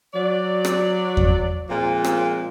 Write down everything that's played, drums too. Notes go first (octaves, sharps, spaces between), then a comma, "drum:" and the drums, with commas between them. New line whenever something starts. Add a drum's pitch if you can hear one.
F#3 D5
drum: rim click
drum: kick E2
A#2 F3 G#3 A#3 C4 F4
drum: rim click